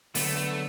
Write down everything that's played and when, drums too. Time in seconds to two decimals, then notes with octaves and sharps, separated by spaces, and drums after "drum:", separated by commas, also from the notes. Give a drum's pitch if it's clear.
0.15 D3 F#3 A3 B3, drum: open hi-hat
0.37 A3